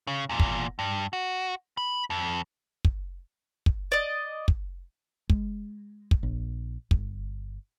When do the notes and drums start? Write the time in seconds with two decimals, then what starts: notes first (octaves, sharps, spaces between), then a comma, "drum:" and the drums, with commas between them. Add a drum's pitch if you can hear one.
0.07 C#3
0.29 E2 A#2
0.40 drum: kick
0.79 G2
1.13 F#4
1.77 B5
2.10 F2
2.85 drum: kick
3.66 drum: kick
3.92 D5 D#5
4.48 drum: kick
5.30 G#3, drum: kick
6.11 drum: kick
6.23 A#1
6.91 G1, drum: kick